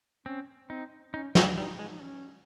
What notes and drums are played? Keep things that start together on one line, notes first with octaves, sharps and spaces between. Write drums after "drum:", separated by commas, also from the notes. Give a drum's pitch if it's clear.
C4 C#4
C4 D#4
C#4 D#4
D#4, drum: snare
G3 D#4
G#3
D#4
C#4